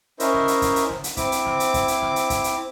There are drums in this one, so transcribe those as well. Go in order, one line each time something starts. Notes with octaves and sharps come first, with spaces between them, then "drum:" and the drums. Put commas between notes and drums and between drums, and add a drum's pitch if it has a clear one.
C#4 E4 A#4 C5 D#5 E5, drum: hi-hat
drum: snare
drum: hi-hat
drum: kick, hi-hat
drum: hi-hat
drum: snare
drum: hi-hat
C4 E4 D6, drum: kick, hi-hat
drum: hi-hat
drum: snare
drum: hi-hat
drum: kick, hi-hat
drum: hi-hat
drum: snare
drum: hi-hat
drum: kick, hi-hat
drum: hi-hat